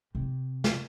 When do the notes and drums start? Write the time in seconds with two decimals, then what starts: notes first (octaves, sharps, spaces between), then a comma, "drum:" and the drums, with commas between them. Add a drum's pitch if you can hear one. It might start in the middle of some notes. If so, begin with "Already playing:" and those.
0.15 C3
0.64 drum: snare